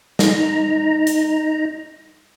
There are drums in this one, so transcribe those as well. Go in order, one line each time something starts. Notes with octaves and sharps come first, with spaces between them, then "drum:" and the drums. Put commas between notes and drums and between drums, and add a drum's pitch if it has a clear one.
D#4 A#5, drum: snare
drum: hi-hat